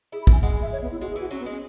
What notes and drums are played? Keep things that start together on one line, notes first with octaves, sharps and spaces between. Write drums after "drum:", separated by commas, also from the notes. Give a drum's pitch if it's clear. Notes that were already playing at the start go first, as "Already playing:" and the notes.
E4 G#4
B5
E4, drum: kick
G#5
G#3 F#5
E5
C#5
B3
E4
G#3 F#4
G#4
E3 F#4
F#3 C#4
B3
G#3 C#4